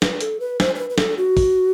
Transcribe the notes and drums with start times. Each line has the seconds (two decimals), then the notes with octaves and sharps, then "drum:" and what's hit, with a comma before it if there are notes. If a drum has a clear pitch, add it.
0.02 B4, drum: snare
0.21 A4, drum: hi-hat
0.40 B4
0.60 C5, drum: snare
0.75 C5
0.79 B4
0.90 B4
0.98 A4, drum: snare
1.17 F#4
1.37 drum: kick, open hi-hat